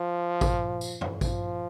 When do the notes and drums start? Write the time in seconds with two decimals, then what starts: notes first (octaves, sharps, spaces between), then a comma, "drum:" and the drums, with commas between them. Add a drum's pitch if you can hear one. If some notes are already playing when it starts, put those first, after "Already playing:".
Already playing: F3
0.41 drum: kick A1, tambourine
0.81 drum: tambourine
1.01 drum: tom F2
1.21 F3, drum: kick A1, tambourine